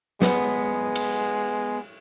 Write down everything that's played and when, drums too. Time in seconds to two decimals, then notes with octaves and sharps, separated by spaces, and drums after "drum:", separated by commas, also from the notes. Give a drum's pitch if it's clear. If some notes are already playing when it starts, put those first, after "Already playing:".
0.22 G#3 B3 B4, drum: snare
0.95 drum: cymbal